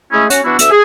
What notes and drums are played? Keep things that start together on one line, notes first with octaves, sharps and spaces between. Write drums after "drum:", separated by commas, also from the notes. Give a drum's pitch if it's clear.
G#3 A3 C#4 E4 G#4
C#4 F#4, drum: hi-hat
E3 B3 D4 E4 F#4
D2 E5 E6, drum: hi-hat
G#4